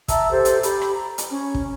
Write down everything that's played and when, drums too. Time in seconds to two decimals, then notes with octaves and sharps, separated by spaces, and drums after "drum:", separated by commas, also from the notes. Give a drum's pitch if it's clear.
0.08 E5 A5 A#5 E6, drum: kick, hi-hat
0.31 G4 A4 C5
0.45 drum: hi-hat
0.63 G4 B5, drum: hi-hat
0.81 drum: rim click
0.94 A#5
1.18 drum: hi-hat
1.30 C#4
1.54 drum: kick